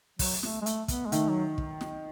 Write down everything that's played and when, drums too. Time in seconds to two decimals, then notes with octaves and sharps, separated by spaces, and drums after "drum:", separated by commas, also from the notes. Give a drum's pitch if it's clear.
0.19 F#3, drum: kick, open hi-hat
0.43 A3, drum: snare
0.62 G#3
0.66 A3, drum: hi-hat
0.88 B3, drum: kick, hi-hat
1.06 G#3
1.12 D#3 A3, drum: hi-hat
1.30 F#3
1.58 drum: kick
1.81 drum: snare